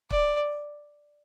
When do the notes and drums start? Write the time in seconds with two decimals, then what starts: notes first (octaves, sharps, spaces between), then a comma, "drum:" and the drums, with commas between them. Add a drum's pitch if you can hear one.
0.10 D5, drum: kick